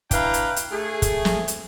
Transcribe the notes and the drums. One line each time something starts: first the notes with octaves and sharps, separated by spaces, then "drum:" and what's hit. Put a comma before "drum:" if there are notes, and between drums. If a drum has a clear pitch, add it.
D4 E4 B4 F5 G5 A#5, drum: kick, hi-hat
drum: hi-hat
drum: hi-hat
A3 G#4
drum: kick, hi-hat
drum: snare
drum: hi-hat